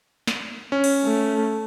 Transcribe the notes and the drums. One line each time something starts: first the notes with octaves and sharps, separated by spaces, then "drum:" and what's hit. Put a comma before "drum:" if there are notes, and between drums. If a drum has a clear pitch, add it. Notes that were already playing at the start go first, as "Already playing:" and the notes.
drum: snare
C#4
drum: cymbal
A3